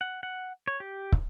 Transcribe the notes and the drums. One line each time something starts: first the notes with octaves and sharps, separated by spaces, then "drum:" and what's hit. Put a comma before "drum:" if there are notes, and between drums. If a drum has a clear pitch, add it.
F#5
F#5
C#5
G4
drum: kick